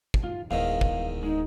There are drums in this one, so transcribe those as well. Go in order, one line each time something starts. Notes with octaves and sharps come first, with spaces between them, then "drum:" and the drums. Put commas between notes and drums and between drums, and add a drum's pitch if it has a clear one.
drum: kick
F#2 D#4 F4
D1 E2 G#2 D#3 F5
drum: kick
G#3 D#4